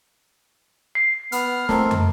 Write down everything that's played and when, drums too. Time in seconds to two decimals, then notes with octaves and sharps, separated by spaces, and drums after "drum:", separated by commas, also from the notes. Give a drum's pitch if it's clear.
0.95 C7
1.32 B3 F6, drum: hi-hat
1.69 A3 C4 A4 A#4, drum: snare
1.91 drum: tom